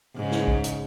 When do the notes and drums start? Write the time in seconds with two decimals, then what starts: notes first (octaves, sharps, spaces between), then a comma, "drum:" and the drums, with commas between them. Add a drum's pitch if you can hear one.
0.15 G#2 C#3
0.31 drum: snare
0.48 drum: kick A#1
0.64 drum: hi-hat